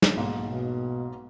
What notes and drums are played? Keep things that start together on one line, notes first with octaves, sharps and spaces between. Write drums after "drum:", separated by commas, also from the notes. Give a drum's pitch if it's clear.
drum: snare
B1 G#2 A#3
B2